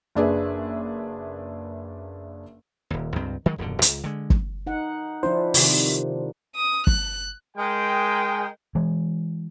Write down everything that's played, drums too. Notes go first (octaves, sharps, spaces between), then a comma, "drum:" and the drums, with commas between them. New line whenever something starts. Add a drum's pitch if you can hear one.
F#1 D4 G#4 B4 E5
D#1 D#2
C#2 G2 C4
D#3 F#3 G#3
D#1 F#2 B2 D3
C#2, drum: hi-hat
D3 G#3
drum: kick
D#4 F#5
F3 D4 E4 C5
C3 D#3, drum: open hi-hat
D#6
F#6, drum: kick
G#3 A#4 G5
E3 G#3